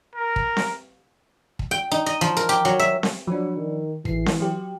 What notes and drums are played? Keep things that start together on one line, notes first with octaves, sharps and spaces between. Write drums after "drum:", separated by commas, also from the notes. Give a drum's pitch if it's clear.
A#4
drum: kick
drum: snare C4
drum: kick
G5
D#4
D#5
F3
A#4
G4
F#3
E5
drum: snare C4
F3 F#3 D4
D#3
A1 E3 C7, drum: kick
drum: snare C4
F#3 G4